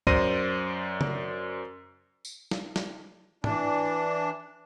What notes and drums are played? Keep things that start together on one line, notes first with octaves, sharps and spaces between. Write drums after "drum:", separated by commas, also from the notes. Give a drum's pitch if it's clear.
F#2 C5 D5 C6 A#6 D#7, drum: kick
drum: tom C#3
drum: tambourine
drum: snare
drum: snare
E3 D4, drum: tom